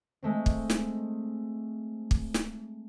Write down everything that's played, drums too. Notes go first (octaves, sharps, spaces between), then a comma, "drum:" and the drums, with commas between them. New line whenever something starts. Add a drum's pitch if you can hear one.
G#3 A3 C4
drum: kick
drum: snare
drum: kick
drum: snare